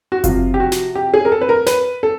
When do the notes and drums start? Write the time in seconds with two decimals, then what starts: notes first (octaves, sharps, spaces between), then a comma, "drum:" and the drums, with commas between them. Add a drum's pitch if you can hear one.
0.12 F#4
0.24 C3 F3 F4, drum: kick F#1, hi-hat
0.54 G4
0.60 F#4
0.72 drum: snare
0.95 G4
1.14 G#4
1.25 A#4
1.32 A4
1.41 B4
1.49 A#4
1.66 B4, drum: snare
2.03 A4